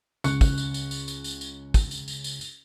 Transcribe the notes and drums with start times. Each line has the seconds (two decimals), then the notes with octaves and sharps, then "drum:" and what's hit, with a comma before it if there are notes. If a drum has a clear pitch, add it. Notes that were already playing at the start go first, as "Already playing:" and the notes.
0.24 C#2 C#4 C#6 F#6 C#7, drum: tambourine
0.41 drum: kick, tambourine
0.58 drum: tambourine
0.74 drum: tambourine
0.91 drum: tambourine
1.08 drum: tambourine
1.24 drum: tambourine
1.41 drum: tambourine
1.74 drum: kick, tambourine
1.91 drum: tambourine
2.08 drum: tambourine
2.24 drum: tambourine
2.41 drum: tambourine